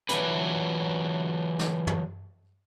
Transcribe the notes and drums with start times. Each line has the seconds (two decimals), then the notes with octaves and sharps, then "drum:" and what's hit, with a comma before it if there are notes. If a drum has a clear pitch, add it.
0.09 E3 F#3 D4 G#4 B4, drum: hi-hat
1.59 drum: snare
1.87 drum: tom